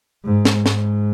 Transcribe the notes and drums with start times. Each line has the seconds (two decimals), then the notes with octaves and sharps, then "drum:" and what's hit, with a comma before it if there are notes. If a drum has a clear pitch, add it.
0.25 G#2
0.45 drum: snare
0.66 G#2, drum: snare